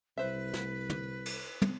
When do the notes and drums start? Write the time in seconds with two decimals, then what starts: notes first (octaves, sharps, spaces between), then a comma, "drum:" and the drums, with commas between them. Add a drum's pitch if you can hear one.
0.17 C2 B4 C5 E5
0.54 drum: snare
0.90 drum: tom
1.26 drum: cymbal
1.62 drum: tom